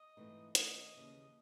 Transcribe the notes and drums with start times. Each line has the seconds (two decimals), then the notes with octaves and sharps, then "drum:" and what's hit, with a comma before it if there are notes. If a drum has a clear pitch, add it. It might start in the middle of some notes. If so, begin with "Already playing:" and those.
Already playing: D#5
0.17 G#2 E3 A3 C4 D#4
0.55 D#3 A3 C#4 D#5, drum: hi-hat
0.94 D#2 C#3 E3